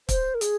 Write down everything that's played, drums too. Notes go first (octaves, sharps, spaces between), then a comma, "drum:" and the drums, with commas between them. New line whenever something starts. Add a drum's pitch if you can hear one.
C5, drum: kick, hi-hat
A#4
G#4, drum: hi-hat